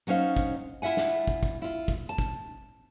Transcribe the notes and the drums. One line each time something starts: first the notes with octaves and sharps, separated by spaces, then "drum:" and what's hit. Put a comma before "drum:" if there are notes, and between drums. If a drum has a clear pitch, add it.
F#3 C#4 D#4 C5 F5
drum: kick
E4 F4 E5 F#5 G#5
drum: snare
drum: kick
drum: kick
E4 F4
drum: kick
A5
drum: kick